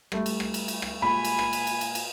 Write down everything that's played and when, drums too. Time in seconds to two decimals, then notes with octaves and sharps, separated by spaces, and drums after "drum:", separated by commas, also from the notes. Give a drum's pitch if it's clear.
0.12 G3 A3, drum: rim click
0.26 drum: cymbal
0.40 drum: rim click
0.54 drum: cymbal
0.68 drum: cymbal
0.82 drum: rim click
1.02 A#2 G#3 G#5 B5
1.25 drum: cymbal
1.39 drum: rim click
1.53 drum: cymbal
1.67 drum: cymbal
1.81 drum: cymbal
1.95 drum: cymbal